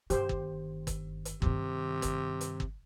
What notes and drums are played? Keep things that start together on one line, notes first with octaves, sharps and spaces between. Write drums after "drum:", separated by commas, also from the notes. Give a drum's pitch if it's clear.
G1 D#3 G4 C5, drum: hi-hat
drum: kick
drum: kick, hi-hat
drum: hi-hat
G2 C3 D#3, drum: kick
drum: kick, hi-hat
drum: hi-hat
drum: kick